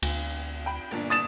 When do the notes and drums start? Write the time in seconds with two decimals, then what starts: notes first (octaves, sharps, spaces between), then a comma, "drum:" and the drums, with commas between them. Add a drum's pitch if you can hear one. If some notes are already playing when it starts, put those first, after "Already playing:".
0.02 D2, drum: cymbal
0.66 G5 B5
0.91 G1 A#2 D4
1.10 D#6 A6 E7